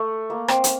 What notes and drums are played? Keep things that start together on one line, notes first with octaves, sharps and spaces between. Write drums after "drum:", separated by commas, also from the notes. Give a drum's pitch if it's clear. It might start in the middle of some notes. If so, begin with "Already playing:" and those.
Already playing: A3
A#3
C4, drum: rim click
drum: hi-hat